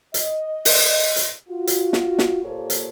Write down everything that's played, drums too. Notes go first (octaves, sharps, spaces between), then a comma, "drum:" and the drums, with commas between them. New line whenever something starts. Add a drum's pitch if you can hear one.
D#5, drum: hi-hat
drum: open hi-hat
drum: hi-hat
F4 F#4
drum: hi-hat
drum: snare
drum: snare
A#2 A#3 G4 A4 C5 C#5
drum: hi-hat